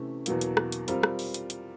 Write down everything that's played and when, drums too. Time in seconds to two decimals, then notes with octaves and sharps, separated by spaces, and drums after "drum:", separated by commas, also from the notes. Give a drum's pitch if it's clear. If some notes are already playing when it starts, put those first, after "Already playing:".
Already playing: C3 E3 A3 C#4
0.26 E2 B2 F#3 A#3, drum: hi-hat
0.41 drum: hi-hat
0.57 drum: rim click
0.72 drum: hi-hat
0.88 G3 C4 F4 A#4, drum: hi-hat
1.03 drum: rim click
1.19 drum: open hi-hat
1.34 drum: hi-hat
1.50 drum: hi-hat